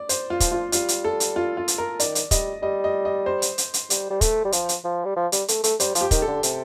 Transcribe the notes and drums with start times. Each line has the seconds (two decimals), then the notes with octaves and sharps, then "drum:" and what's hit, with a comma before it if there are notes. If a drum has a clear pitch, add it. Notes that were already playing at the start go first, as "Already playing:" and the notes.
Already playing: D5
0.09 C5, drum: hi-hat
0.30 F4
0.40 F3, drum: kick, hi-hat
0.52 F4
0.72 G3 F4, drum: hi-hat
0.88 drum: hi-hat
1.04 A4
1.20 drum: hi-hat
1.36 F4
1.57 F4
1.68 drum: hi-hat
1.78 A#4
2.00 D#3 D5, drum: hi-hat
2.15 drum: hi-hat
2.31 G3 D#5, drum: kick, hi-hat
2.62 G3 D#5
2.84 D#5
3.05 D#5
3.26 C5
3.42 drum: hi-hat
3.58 drum: hi-hat
3.74 drum: hi-hat
3.90 G3, drum: hi-hat
4.10 G3
4.21 A3, drum: kick, hi-hat
4.45 G3
4.52 F3, drum: hi-hat
4.69 drum: hi-hat
4.84 F3
5.05 G3
5.16 F3
5.32 G3, drum: hi-hat
5.48 A3, drum: hi-hat
5.64 A3, drum: hi-hat
5.80 G3 C5, drum: hi-hat
5.95 F3, drum: hi-hat
6.01 G4
6.11 D#3, drum: kick, hi-hat
6.22 A4
6.27 D3
6.43 C3, drum: hi-hat